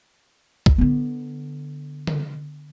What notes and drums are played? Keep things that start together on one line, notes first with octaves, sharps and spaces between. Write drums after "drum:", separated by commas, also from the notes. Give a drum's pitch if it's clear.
drum: kick
D3 B3
drum: tom